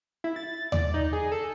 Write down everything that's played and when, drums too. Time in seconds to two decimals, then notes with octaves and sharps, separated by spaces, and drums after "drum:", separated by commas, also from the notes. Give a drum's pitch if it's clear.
0.24 E4
0.36 A6
0.72 D5, drum: tom D#2
0.94 D#4
1.13 G#4
1.32 A4